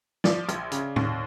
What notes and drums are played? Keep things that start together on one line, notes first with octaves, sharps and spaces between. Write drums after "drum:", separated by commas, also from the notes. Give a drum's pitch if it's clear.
F3 D5, drum: snare
A#1, drum: hi-hat
C#3, drum: hi-hat
D#2, drum: tom A2